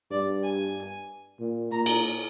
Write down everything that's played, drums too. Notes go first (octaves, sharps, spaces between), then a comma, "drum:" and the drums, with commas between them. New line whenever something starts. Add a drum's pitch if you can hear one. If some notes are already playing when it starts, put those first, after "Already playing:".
G2 D5
G#5
A#2
A#2 A#5
drum: cymbal